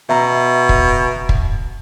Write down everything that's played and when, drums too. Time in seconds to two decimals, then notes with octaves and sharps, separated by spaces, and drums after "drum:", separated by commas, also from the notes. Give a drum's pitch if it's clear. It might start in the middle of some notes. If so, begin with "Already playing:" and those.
0.09 B2 E5 A#5
0.69 drum: kick
1.29 drum: kick